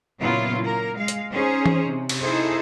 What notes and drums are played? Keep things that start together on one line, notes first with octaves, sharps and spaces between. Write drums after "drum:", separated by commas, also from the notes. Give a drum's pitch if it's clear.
A#2 C#3 F#3 B3 E4 F4
A#3 A#4
G#3 F5
drum: hi-hat
C#4 D#4 G#4 C5 C#5
drum: tom E3
C3
drum: cymbal
D#4 E4 G#4 A4 C5